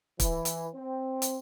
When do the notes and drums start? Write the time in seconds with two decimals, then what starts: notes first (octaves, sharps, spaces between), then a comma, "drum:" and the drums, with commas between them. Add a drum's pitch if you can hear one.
0.20 E3, drum: kick, hi-hat
0.45 drum: hi-hat
0.75 C4
1.22 drum: hi-hat